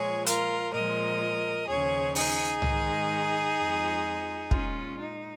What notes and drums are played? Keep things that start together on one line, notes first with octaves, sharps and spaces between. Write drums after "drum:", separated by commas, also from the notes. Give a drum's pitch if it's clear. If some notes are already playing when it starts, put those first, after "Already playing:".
Already playing: A#2 F3 G#3 G#4 C#5
F4 A#4, drum: hi-hat
A#2 F3 G#3 A#4 D#5
D#2 C#3 F3 G#4 C#5
D#4 G#4, drum: open hi-hat
G#2 D#3 G#3, drum: tom C2
F2 F3 G#3
A#2 G#3 C#4 F4, drum: kick
D#4